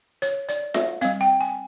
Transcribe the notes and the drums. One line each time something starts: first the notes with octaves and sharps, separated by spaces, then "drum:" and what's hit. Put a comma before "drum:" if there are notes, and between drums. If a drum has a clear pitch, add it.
C#5, drum: hi-hat
D5, drum: hi-hat
E5, drum: snare F4
G3 C4 F5, drum: hi-hat
G5
G#5